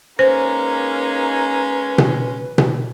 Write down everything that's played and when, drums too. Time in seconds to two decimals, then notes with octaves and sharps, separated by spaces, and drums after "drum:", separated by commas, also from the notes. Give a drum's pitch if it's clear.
0.19 G#3 A#3 C#4 D#4 B4 C5
1.98 drum: tom B2
2.58 drum: tom B2